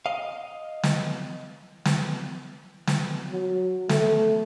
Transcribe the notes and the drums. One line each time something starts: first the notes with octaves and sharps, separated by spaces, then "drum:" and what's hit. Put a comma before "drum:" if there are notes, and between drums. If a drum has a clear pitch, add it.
D#5 F5
drum: snare
drum: snare
drum: snare
F#3
A3, drum: snare